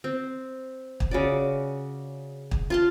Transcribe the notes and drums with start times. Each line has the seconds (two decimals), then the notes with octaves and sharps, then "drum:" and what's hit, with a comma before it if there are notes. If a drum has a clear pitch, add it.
0.04 C4
1.00 drum: kick
1.11 C#3 F#4 D5
2.51 drum: kick
2.70 F4 A5 C6